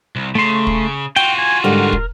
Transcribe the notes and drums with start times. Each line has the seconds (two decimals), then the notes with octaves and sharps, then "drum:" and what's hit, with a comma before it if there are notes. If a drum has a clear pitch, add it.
0.16 C2
0.35 A2 C#3 A3 C6
0.67 drum: kick
1.16 F4 F#4 G5
1.38 G#5
1.64 G#2 D3 G3 A#4
1.93 drum: kick